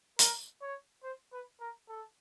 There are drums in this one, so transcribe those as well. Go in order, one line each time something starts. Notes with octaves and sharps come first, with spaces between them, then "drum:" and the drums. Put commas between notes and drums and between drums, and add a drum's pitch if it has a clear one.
A#4, drum: hi-hat
C#5
C5
B4
A#4
A4